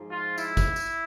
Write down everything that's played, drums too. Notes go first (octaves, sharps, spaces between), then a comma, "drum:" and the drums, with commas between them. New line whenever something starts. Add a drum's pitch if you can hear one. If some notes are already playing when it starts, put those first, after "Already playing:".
Already playing: G#2 F3
F4
E4, drum: tambourine
drum: kick, tambourine
drum: tambourine